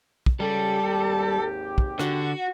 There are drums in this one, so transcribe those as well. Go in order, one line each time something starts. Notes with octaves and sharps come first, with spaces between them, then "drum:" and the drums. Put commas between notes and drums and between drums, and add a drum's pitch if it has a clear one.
drum: kick
C#2 C#3 G3 G4 A4
G#1 D#2 G4
drum: kick
D3 F#4, drum: rim click